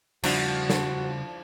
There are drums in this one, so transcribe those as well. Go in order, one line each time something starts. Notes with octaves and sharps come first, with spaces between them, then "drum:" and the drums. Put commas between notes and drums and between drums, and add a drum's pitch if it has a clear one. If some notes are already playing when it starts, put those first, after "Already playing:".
C#3 F3 G3 D4 E4 F#4, drum: cymbal
drum: snare